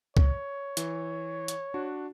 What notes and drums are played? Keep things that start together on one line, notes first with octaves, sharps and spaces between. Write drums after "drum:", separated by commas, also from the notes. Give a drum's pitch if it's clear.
C#5, drum: kick
E3, drum: hi-hat
drum: hi-hat
D4 F#4